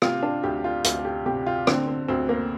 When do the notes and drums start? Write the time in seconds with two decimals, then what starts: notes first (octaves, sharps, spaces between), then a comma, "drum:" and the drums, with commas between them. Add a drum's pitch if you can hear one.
0.02 C3 F4, drum: rim click
0.23 D4
0.44 D2 G4
0.64 F4
0.84 D2 F4, drum: hi-hat
1.05 G4
1.26 C3 G4
1.47 F4
1.67 D3 C4, drum: rim click
1.88 C4
2.08 D2 C4
2.29 A#3